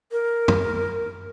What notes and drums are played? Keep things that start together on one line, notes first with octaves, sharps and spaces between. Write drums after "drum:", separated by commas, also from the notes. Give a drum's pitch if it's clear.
A#4
drum: tom